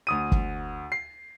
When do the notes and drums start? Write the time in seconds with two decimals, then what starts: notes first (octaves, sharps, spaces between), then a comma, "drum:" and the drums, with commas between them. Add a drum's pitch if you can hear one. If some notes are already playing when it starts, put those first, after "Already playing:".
0.07 D2 D#6 D#7
0.32 drum: kick
0.92 C7